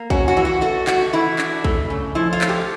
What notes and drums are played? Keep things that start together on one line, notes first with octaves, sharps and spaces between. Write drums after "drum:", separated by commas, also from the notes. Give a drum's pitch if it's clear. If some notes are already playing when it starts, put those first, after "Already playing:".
Already playing: A#3
C#4 F#4, drum: kick
F#4
E3
F#4
A3 F#4
A3 F#4, drum: clap
E3 E4
D4, drum: clap
A3, drum: kick
C#3
F3 E4
F4
A3, drum: clap
G4